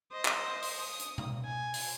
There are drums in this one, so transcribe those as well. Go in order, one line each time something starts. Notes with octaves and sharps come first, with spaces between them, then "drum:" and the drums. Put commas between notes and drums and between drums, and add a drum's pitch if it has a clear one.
C5 D#5
drum: clap
drum: open hi-hat
D#6
drum: hi-hat
drum: tom B2
G#5
drum: open hi-hat